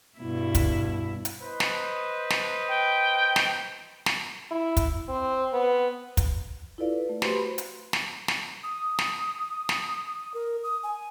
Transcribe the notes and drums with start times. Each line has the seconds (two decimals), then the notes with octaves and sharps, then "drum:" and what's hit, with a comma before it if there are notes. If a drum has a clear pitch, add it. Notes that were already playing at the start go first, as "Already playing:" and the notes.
0.19 G2 B2 E4
0.55 drum: kick, hi-hat
1.25 drum: hi-hat
1.42 B4 C5 D#5
1.60 drum: snare
2.30 drum: snare
2.69 G5
3.36 drum: snare
4.06 drum: snare
4.51 E4
4.77 drum: kick, hi-hat
5.09 C4
5.54 B3
6.17 drum: kick, hi-hat
6.78 E4 F4 A4 B4 D5 F5
6.92 B4
7.09 A3
7.22 F#4 G4 B4 C5 C6, drum: snare
7.35 B5
7.58 drum: hi-hat
7.93 drum: snare
8.28 drum: snare
8.63 D#6
8.99 drum: snare
9.69 drum: snare
10.34 A#4
10.64 D#6
10.83 G#5